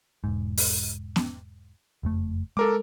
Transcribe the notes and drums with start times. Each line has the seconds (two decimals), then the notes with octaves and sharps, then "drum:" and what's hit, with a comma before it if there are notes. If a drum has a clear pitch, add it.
0.24 E1 G#2
0.57 drum: open hi-hat
1.16 drum: snare B3
2.03 F#1 F2 A3
2.57 G#3 A4 A#4 D6